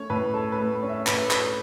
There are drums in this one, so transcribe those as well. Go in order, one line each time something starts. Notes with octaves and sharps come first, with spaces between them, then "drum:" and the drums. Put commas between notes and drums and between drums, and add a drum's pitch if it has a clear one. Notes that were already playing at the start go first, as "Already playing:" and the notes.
Already playing: A3 C#4 C#5
A2 B4
A4
B4
A3
C#4
E5
A2 B4, drum: clap
A4
A4 B4, drum: clap